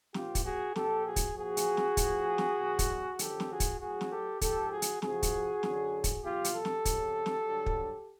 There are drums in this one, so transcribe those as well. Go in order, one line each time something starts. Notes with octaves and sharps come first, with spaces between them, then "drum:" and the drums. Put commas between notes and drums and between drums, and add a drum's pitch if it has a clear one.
A#2 F3 F4 G4, drum: snare
drum: kick, hi-hat
F#4 G#4
A#2 F3 G4 A4, drum: snare
F#4 G#4
drum: kick, hi-hat
A#2 F3 F#4 G#4
drum: hi-hat
drum: snare
A2 F3, drum: kick, hi-hat
drum: snare
E2 B2 F#3
drum: kick, hi-hat
F#2 D3 F3 G4 A4, drum: hi-hat
drum: snare
F#4 G#4
drum: kick, hi-hat
A2 F#3 F#4 G#4
drum: snare
G4 A4
G#2 F3 G4 A4, drum: kick, hi-hat
F#4 G#4
drum: hi-hat
F2 C3 F3 F#4 G#4, drum: snare
drum: kick, hi-hat
F#2 D3 F#3, drum: snare
drum: kick, hi-hat
E2 B2 F#3 F4 G4
drum: hi-hat
G4 A4
drum: snare
F2 C#3 F3, drum: kick, hi-hat
drum: snare
G2 D3 F#3
drum: kick